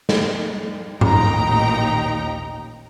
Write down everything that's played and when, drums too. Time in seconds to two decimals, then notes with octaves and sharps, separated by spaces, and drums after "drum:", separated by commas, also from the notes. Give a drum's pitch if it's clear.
0.09 drum: snare
1.01 A1 D#2 A#2 D#4 G5 A#5, drum: tom G#2